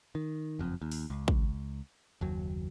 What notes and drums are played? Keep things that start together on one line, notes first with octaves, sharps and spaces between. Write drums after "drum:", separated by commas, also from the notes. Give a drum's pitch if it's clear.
D#3
F#1 F2
D#2
drum: open hi-hat
C#2
drum: kick
F#1 D#2 F#3